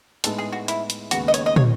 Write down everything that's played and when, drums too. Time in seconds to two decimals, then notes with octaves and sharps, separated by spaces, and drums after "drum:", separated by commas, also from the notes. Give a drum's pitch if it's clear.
0.24 A2 G#3 B3 D#4 A4, drum: hi-hat
0.38 G#4
0.52 F#4
0.68 E4, drum: hi-hat
0.90 drum: hi-hat
1.11 D#2 C#3 G#3 B3 F#4, drum: hi-hat
1.28 D#5
1.34 C#5, drum: hi-hat
1.46 D#5
1.56 C#5, drum: tom